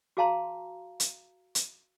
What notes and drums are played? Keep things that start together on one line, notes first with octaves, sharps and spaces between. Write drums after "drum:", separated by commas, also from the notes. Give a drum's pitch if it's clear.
F#4 G#4 F5 A5 A#5 C6
drum: hi-hat
drum: hi-hat